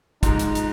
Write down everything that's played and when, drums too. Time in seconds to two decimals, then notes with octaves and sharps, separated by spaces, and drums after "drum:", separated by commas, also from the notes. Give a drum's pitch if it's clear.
0.23 G#2 F3 G#3 D#4, drum: kick, hi-hat
0.39 drum: hi-hat
0.55 drum: hi-hat